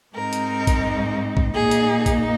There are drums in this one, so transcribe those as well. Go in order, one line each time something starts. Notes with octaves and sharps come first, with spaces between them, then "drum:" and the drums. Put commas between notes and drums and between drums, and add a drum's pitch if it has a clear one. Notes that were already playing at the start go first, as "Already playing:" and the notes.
G#2 G#3 C4 D#4 A#4
drum: hi-hat
drum: kick A#1, hi-hat
drum: kick A#1
A#2 A#3 D#4 G#4
drum: hi-hat
drum: kick A#1, hi-hat